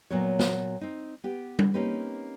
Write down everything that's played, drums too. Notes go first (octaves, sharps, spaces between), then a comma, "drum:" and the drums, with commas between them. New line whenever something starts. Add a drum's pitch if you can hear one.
A#2 F#3 B3 A#4 C#5
drum: snare
C4 D#4
B3 G4
drum: tom G3
A#3 C4 C#4 D#4 G4 B4